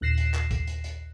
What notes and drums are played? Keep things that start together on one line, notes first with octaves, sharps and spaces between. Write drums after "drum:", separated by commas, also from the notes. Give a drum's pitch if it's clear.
A#1 D#2 F#6 A#6 C7 E7
drum: hi-hat
drum: clap
drum: kick, hi-hat
drum: hi-hat
drum: hi-hat